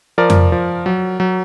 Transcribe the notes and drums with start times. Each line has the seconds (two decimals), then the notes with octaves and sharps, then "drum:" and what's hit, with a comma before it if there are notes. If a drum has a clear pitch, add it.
0.18 F3 A#4 D5
0.30 drum: tom F2
0.52 F3
0.86 F#3
1.20 F#3